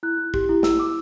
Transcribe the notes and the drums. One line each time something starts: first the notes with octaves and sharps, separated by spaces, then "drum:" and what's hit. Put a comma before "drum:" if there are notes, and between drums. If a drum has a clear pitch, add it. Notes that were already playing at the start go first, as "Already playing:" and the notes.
E4 F#6
E4
G4, drum: kick
E4
E4 E6, drum: snare
E4 D6